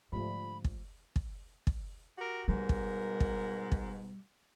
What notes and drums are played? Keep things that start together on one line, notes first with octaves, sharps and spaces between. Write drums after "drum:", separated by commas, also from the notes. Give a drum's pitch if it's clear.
G#2 D3 F3 G3 A3 B5
drum: kick
drum: kick
drum: kick
F#4 G4 A#4
G#2 B2 G3 A#4
drum: kick
drum: kick
drum: kick